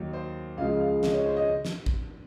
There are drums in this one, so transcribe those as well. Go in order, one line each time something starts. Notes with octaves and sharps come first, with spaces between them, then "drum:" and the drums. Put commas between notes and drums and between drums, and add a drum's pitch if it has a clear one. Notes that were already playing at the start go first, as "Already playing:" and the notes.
Already playing: D#2 D#3 F#3
C5
C#2 C#3 F3 G#3 F5
F5
D#5, drum: snare
C#5
C5
D#5
drum: snare
drum: kick G#1